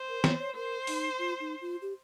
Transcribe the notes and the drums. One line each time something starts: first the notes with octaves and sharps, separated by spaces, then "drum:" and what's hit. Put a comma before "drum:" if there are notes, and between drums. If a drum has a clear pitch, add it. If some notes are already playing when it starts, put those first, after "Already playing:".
Already playing: C5
A#4
C#5, drum: snare
C#5
A#4 C5
D#4, drum: open hi-hat
F4
D#4
F4
G4